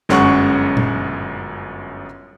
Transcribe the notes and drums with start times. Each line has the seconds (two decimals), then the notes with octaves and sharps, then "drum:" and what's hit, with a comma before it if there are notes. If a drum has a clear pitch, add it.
0.09 G1 F#2 G#3 C#4 F#5 C#6, drum: snare
0.77 drum: tom A#2